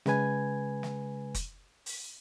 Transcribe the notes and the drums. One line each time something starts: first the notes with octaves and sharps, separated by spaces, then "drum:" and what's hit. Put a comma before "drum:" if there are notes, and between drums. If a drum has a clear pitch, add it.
C#3 G#3 B4 G#5 G#6, drum: snare
drum: snare
drum: kick F1, hi-hat
drum: open hi-hat